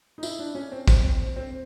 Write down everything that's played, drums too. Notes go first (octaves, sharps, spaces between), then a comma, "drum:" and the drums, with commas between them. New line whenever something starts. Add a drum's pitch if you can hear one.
D#4
E4, drum: tambourine
D4
C#4
C4
C4, drum: kick, tambourine
C4
C4